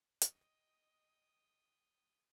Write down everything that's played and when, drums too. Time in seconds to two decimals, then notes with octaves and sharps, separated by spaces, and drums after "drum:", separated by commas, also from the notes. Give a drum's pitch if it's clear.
0.22 D#5 G5 D#6, drum: hi-hat